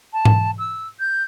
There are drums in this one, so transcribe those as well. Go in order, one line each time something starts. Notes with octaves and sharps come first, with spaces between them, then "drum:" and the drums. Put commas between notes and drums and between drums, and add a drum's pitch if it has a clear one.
A5
drum: tom G#2
E6
G6